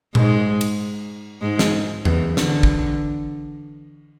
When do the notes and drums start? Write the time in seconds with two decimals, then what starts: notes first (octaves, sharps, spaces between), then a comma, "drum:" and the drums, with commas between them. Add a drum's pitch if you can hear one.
0.15 G#2 G#3, drum: tom A#2
0.61 drum: cymbal
1.42 G#2 G#3
1.59 drum: snare
2.05 E2 E3, drum: tom E2
2.37 D3, drum: snare
2.63 drum: kick